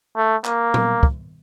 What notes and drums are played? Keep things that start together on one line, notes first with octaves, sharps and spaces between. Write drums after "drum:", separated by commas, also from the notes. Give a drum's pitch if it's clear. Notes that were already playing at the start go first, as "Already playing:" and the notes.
A3
A#3, drum: clap
drum: tom
drum: kick